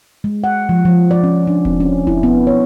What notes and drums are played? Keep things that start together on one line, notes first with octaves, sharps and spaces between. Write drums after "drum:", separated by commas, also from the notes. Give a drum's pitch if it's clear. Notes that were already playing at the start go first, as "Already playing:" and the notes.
G#3
F#5
F3
F3
D5
C#4
D4
C4, drum: kick E1
C#4
E4, drum: kick E1
B3
C#5